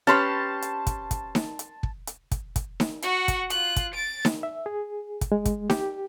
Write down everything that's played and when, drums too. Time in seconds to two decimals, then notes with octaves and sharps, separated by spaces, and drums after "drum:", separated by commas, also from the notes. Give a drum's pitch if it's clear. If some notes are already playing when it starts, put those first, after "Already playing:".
0.07 C#4 G4 B4 A5 C6
0.62 drum: hi-hat
0.87 drum: kick, hi-hat
1.11 drum: kick, hi-hat
1.35 drum: snare D#4
1.59 drum: hi-hat
1.83 drum: kick
2.07 drum: hi-hat
2.31 drum: kick, hi-hat
2.56 drum: kick, hi-hat
2.80 drum: snare D#4
3.02 F#4 F#5, drum: hi-hat
3.28 drum: kick, hi-hat
3.50 F4 F#6, drum: hi-hat
3.76 drum: kick, hi-hat
3.94 A6 D7
4.25 drum: snare D#4
4.43 E5
4.66 G#4
5.21 drum: kick, hi-hat
5.32 G#3
5.45 drum: kick, hi-hat
5.70 G4, drum: snare D#4